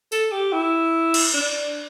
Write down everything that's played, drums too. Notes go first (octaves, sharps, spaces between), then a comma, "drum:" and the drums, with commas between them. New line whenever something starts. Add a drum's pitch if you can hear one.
A4, drum: tambourine
G4
E4
drum: cymbal
D4